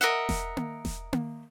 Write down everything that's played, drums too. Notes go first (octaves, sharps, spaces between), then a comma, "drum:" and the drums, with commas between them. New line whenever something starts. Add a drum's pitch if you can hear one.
A#4 D#5 E5 F#5
drum: snare E1
drum: tom A#3
drum: snare E1
drum: tom A#3